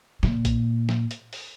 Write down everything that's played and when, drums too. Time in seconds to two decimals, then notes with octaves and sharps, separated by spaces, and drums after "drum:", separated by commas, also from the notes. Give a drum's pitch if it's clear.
0.23 A#2, drum: snare
0.45 drum: kick A#1, hi-hat
0.89 drum: snare
1.11 drum: hi-hat
1.33 drum: open hi-hat